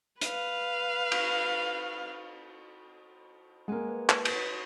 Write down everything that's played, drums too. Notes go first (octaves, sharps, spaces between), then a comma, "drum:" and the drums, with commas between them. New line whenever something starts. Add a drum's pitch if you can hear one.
B4 F5, drum: hi-hat
drum: cymbal
G#3 A#3 F#5 G#5
B4
B4, drum: clap
drum: cymbal
C#5